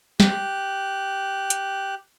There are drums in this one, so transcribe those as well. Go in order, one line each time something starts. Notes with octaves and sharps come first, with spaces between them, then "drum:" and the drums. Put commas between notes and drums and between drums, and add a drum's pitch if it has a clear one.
G4 F#6, drum: snare
drum: hi-hat